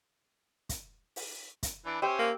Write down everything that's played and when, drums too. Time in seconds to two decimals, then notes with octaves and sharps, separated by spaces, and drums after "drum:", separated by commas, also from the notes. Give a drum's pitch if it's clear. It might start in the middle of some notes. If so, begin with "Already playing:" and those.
0.69 drum: kick, hi-hat
1.16 drum: open hi-hat
1.63 drum: kick, hi-hat
1.86 E3 D4
2.02 C#4 G4 C5 E5
2.19 A#3